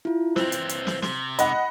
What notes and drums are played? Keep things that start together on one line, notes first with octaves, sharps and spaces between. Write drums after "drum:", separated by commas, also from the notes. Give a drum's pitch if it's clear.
E4 F4
E3 C4 C5, drum: snare
drum: hi-hat
drum: hi-hat
drum: snare
C3, drum: snare
D#5 F#5 B5, drum: hi-hat